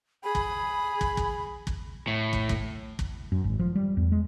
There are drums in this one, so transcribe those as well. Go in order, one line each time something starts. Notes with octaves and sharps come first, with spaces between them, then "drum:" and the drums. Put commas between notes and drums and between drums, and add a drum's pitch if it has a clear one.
G#4 B5
drum: kick
drum: kick
drum: kick
drum: kick
A2
drum: kick
drum: kick
drum: kick
F#2
G#1
F3
G3
E2
G#3